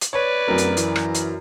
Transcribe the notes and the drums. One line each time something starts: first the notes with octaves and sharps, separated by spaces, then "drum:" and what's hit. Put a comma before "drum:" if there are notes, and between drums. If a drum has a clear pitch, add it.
drum: hi-hat
B4 C#5 D5
D1 F#2 A#4
drum: hi-hat
E3, drum: hi-hat
drum: rim click
drum: hi-hat